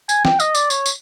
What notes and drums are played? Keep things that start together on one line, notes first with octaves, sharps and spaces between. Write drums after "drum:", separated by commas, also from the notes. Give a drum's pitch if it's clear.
G#5, drum: tambourine
G5, drum: snare
D#5, drum: tambourine
D5, drum: tambourine
C#5, drum: tambourine
drum: tambourine